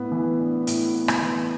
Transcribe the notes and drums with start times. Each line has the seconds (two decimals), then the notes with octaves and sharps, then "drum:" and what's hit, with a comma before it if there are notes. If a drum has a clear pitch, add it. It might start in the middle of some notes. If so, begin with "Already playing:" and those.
Already playing: A2 B3
0.12 E3
0.39 D4
0.67 A2, drum: hi-hat
0.94 B3
1.08 drum: rim click
1.22 E3